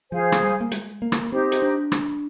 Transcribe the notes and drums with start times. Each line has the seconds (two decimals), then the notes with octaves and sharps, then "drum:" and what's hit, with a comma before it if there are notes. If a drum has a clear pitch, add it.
0.12 F3 G#4 C5 F5 G#5
0.32 drum: rim click
0.43 G3
0.60 A#3
0.72 G#3, drum: hi-hat
1.02 A#3
1.12 drum: rim click
1.32 C4 D#4 G4 C5
1.52 drum: hi-hat
1.62 D4
1.92 drum: rim click